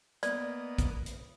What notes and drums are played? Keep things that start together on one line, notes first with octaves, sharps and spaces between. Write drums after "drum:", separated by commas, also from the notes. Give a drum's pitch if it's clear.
A#3 B3 D5 D#5, drum: hi-hat
drum: kick A1, hi-hat
drum: hi-hat